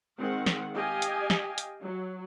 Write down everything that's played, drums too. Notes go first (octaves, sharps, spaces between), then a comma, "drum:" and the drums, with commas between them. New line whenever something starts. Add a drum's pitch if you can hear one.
D#3 G#3 C4 F#5
drum: snare
G4 D#5 F5 G5 G#5
drum: hi-hat
drum: snare
drum: hi-hat
F#3